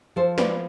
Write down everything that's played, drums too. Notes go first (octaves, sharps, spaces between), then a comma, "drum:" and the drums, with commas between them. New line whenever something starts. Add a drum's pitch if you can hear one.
F3 A4 C5
B4 D5, drum: snare